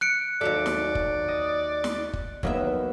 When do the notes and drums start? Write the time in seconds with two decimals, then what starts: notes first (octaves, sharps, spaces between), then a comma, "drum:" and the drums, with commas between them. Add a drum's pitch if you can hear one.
0.01 F#6 C#7 D7
0.41 D#2 F#3 A4 D5 E5
0.66 drum: snare
0.95 drum: kick
1.28 D#5
1.84 drum: snare
2.13 drum: kick
2.43 D#2 F#3 A#3 B3 F#4 E5, drum: kick